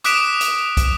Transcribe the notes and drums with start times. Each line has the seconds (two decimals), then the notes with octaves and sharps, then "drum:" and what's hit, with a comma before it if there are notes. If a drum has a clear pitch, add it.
0.04 D6 D#6 F#6 B6 D7 E7, drum: hi-hat
0.41 drum: hi-hat
0.77 drum: kick, hi-hat